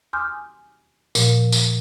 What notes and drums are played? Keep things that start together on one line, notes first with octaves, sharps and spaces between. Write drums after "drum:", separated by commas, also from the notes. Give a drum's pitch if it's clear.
G#5 C6 D6 D#6 F6 G6
A#2 F3, drum: tambourine
drum: tambourine